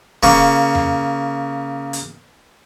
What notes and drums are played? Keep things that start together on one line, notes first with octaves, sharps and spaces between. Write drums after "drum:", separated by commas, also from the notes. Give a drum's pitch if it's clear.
C#3 A#3 C#6, drum: kick
drum: tom F2
drum: hi-hat